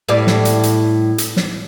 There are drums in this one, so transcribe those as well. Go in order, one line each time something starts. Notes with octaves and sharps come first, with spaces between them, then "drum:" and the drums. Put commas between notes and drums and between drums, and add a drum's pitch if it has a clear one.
A2 G3 D5
drum: snare
drum: hi-hat
drum: hi-hat
drum: hi-hat
drum: snare